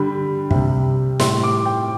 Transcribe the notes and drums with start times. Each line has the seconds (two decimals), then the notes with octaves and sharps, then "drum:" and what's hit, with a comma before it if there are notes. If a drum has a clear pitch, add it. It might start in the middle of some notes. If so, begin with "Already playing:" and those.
Already playing: D3 G3 B5
0.51 C3 G3, drum: kick
1.20 A2 G3 C6, drum: snare
1.43 D6
1.66 G5